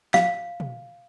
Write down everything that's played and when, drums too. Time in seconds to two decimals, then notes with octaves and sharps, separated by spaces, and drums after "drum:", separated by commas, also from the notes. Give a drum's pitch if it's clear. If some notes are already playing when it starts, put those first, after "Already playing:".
0.14 F5, drum: snare
0.60 drum: tom